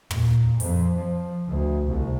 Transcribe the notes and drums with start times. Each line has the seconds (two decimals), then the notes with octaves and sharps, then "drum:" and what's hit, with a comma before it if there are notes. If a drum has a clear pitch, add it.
0.11 A#2, drum: tom
0.60 F2, drum: open hi-hat
0.96 F3
1.48 D2
1.87 C2